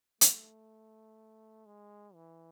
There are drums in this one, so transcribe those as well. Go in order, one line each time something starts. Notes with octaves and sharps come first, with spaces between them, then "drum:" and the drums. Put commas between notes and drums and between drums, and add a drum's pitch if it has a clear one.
A3, drum: hi-hat
G#3
E3